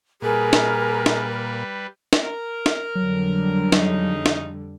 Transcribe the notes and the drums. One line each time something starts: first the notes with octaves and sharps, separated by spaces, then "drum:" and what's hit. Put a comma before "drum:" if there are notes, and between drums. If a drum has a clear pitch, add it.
A#2 G3 G#4 A#4 B4
drum: snare
drum: snare
drum: snare
A#4
drum: snare
F2 D3 F#3 G3
C#3 D#4, drum: snare
drum: snare